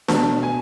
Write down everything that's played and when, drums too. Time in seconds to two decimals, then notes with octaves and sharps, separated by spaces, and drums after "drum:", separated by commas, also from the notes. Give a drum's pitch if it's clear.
0.08 B2 A5, drum: snare D4
0.43 G#5